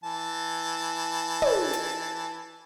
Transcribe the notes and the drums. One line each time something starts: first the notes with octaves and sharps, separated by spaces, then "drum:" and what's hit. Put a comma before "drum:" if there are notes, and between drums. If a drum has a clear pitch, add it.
E3 A5
drum: tom
drum: hi-hat